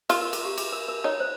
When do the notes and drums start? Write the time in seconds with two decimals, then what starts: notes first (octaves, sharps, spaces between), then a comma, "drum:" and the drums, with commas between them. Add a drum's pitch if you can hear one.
0.09 F4 A#4, drum: cymbal
0.22 A#4
0.33 G#4, drum: cymbal
0.45 G4
0.58 G#4, drum: cymbal
0.72 A#4
0.88 A#4
1.04 D#4 C#5
1.20 C5